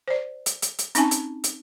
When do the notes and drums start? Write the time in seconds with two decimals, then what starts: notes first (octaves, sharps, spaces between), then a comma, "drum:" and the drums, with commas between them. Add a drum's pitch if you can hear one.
0.08 C5 D5
0.46 drum: hi-hat
0.62 drum: hi-hat
0.79 drum: hi-hat
0.95 C4 C#4 D#4 G#5 A5, drum: hi-hat
1.11 drum: hi-hat
1.44 drum: hi-hat